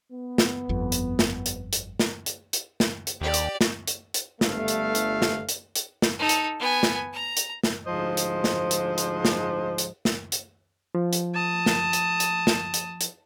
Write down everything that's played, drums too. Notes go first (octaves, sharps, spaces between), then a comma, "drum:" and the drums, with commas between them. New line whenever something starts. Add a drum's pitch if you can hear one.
B3
drum: snare
G1 F2
drum: hi-hat
drum: snare
drum: hi-hat
drum: hi-hat
drum: snare
drum: hi-hat
drum: hi-hat
drum: snare
drum: hi-hat
D#2 G4 D5
drum: hi-hat
drum: snare
drum: hi-hat
drum: hi-hat
G1 A3 F5, drum: snare
drum: hi-hat
drum: hi-hat
drum: snare
drum: hi-hat
drum: hi-hat
drum: snare
D#4 A4
drum: hi-hat
B3 G#5
drum: snare
A#5
drum: hi-hat
drum: snare
D2 G#2 F3 C5 D#5
drum: hi-hat
drum: snare
drum: hi-hat
drum: hi-hat
drum: snare
drum: hi-hat
drum: snare
drum: hi-hat
F3
drum: hi-hat
A5 D#6
drum: snare
drum: hi-hat
drum: hi-hat
drum: snare
drum: hi-hat
drum: hi-hat